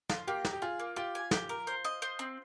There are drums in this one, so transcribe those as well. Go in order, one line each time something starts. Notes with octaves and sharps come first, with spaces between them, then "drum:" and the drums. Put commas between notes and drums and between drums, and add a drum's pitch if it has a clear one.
F4, drum: snare
A#3 G4
D#4, drum: snare
G4
F4 G#4
A#3
F4 G4
G#5
G4, drum: snare
A#4
C5
D#5
C5
C4